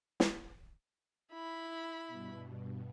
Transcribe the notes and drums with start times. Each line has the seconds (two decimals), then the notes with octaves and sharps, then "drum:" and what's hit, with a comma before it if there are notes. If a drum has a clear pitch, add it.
0.20 drum: snare
1.32 E4 B5
2.08 G2 B2